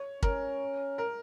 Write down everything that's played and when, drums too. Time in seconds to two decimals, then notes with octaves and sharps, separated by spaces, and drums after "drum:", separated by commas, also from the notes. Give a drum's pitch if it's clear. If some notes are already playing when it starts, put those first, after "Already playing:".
Already playing: C#5
0.22 C#4 A#4, drum: kick
0.98 A#4